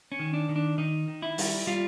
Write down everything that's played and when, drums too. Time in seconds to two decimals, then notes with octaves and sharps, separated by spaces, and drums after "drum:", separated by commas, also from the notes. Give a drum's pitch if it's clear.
0.12 C#4
0.19 D#3
0.34 D4
0.49 D#3
0.56 D4
0.78 D#3 D#4
1.08 D#3
1.22 E4
1.38 G3, drum: open hi-hat
1.67 G3 F4